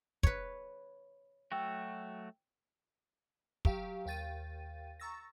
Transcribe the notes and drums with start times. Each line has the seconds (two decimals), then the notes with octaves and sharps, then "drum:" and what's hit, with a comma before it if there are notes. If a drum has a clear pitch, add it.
0.23 B4 C#5, drum: kick
1.52 F#3 A3 F#4 G5 E6
3.65 F#3 G4 F5 G5, drum: kick
4.06 D#2 F5 G5 A6 D#7
5.00 A#5 C#6 E6 A6 A#6